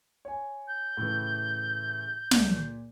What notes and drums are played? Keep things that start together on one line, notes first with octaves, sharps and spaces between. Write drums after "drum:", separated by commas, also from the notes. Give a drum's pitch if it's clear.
C#5 G#5
G6
A2 C#3 E3
C#2 D5, drum: snare
A#2